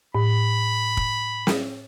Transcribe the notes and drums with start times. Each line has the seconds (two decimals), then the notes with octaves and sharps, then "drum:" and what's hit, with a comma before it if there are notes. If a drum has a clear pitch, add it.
0.15 A2 B5
0.97 drum: kick
1.47 drum: snare